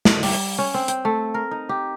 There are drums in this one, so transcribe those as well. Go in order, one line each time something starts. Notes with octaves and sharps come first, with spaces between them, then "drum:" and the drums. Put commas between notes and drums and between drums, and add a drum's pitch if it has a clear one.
drum: snare
G3, drum: open hi-hat
C#4
C4
G5, drum: hi-hat
A3
A#4
D#4
G4